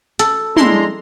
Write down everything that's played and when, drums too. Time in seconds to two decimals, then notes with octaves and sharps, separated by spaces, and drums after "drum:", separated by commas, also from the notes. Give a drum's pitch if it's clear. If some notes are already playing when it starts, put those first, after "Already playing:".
0.19 A4, drum: hi-hat
0.57 G#3 D4 E4 A#5 C6, drum: tom